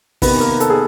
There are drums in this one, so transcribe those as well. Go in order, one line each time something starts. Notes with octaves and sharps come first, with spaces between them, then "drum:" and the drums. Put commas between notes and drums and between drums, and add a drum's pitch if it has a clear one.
C3 D#3 B3 B4, drum: kick, open hi-hat
A#3 A#4
A4, drum: hi-hat
G#4